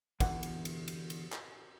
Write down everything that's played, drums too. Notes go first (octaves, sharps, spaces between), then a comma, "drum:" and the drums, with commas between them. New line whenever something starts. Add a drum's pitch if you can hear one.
E2 B2 D3 E3 F#5, drum: kick, cymbal
drum: cymbal
drum: cymbal
drum: cymbal
drum: cymbal
drum: clap